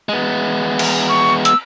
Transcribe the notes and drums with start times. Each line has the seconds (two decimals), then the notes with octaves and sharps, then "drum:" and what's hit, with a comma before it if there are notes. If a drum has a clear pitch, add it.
0.09 G#3 B3
0.79 drum: cymbal
1.09 C#6
1.45 E6, drum: hi-hat